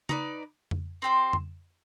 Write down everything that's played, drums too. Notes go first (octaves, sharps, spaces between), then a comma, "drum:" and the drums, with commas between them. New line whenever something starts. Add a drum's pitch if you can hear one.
D#4 B4 D5, drum: tom C#3
drum: tom F2
C4 G4 C5
drum: tom F2